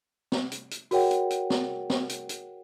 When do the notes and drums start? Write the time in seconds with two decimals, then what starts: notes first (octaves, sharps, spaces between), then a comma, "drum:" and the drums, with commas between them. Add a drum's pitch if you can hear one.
0.32 drum: snare
0.52 drum: hi-hat
0.71 drum: hi-hat
0.91 F#4 G#4 A#4 C#5 F#5 G5, drum: open hi-hat
1.11 drum: hi-hat
1.31 drum: hi-hat
1.50 drum: snare
1.90 drum: snare
2.09 drum: hi-hat
2.29 drum: hi-hat